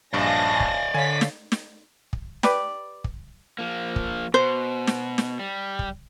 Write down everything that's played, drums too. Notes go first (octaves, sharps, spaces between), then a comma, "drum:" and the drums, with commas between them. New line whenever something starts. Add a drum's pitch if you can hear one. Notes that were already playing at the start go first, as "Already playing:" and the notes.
A#1 G2 D5 D#5 F5 G#5 A5 A#6
drum: kick
D3 C#5 F5 G#5 A6 B6
drum: snare
drum: snare
drum: kick
G4 B4 D5, drum: snare
drum: kick
F3 A#3
drum: kick
B2 C5
drum: snare
drum: snare
G3
drum: kick